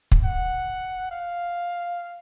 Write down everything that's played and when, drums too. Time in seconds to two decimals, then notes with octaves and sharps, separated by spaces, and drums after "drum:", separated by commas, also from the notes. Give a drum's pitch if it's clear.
0.12 drum: kick
0.24 F#5
1.11 F5